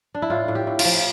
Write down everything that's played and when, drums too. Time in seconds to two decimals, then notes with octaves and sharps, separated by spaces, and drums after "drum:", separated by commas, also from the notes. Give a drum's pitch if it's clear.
0.14 D4
0.22 E4
0.30 A2 F4
0.48 A2
0.55 G4
0.67 A2
0.79 F4, drum: cymbal
0.85 F3